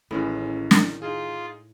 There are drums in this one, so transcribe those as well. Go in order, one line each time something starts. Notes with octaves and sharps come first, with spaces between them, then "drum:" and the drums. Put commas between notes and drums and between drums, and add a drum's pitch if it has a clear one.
A1 A2 D#3 G#3 C#4 B4
drum: snare
D#4 F4 G#4